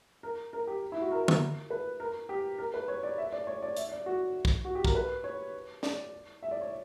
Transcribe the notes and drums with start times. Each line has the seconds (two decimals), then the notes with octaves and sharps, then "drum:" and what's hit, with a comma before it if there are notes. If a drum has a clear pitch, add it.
0.23 A#4
0.53 A#4
0.67 G4
0.92 E4
1.02 F#4
1.12 A#4
1.28 drum: tom
1.70 B4
2.00 A#4
2.29 G4
2.58 A#4
2.74 B4
2.88 C#5
3.03 D5
3.18 E5
3.32 D5
3.47 C#5
3.62 D5
3.77 E5, drum: hi-hat
3.92 D5
4.06 F#4
4.45 drum: kick
4.65 F#4
4.75 G4
4.85 A#4, drum: kick
4.95 B4
5.24 C#5
5.83 D5, drum: snare
6.43 E5
6.51 D5
6.61 C#5